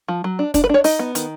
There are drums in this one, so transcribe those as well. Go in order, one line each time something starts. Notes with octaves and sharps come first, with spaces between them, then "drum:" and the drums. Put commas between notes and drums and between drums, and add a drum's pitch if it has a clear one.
F3
F#3
D4
D4, drum: kick, hi-hat
B4
D4 C#5
D#4 D#5, drum: open hi-hat
B3
D#3, drum: hi-hat